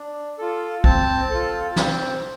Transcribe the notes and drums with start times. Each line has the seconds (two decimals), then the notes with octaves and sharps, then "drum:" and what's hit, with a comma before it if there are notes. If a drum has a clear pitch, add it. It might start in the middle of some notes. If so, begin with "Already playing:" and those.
Already playing: D4
0.38 F4 A4
0.84 C4 A5, drum: kick
1.30 F4 A4
1.76 C4, drum: snare